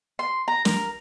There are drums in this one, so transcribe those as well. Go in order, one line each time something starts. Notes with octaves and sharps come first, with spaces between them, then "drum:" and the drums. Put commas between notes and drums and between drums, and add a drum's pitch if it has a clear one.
C6
A#5
A#4, drum: snare